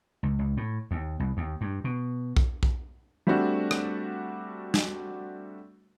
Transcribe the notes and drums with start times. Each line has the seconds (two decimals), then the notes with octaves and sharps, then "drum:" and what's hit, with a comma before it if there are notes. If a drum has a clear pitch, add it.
0.23 C#2
0.39 C#2
0.57 A2
0.91 D#2
1.20 C2
1.37 D#2
1.61 G2
1.84 B2
2.37 drum: kick B1
2.63 drum: kick B1
3.27 G3 A3 C4 D4 F#4
3.71 drum: rim click
4.74 drum: snare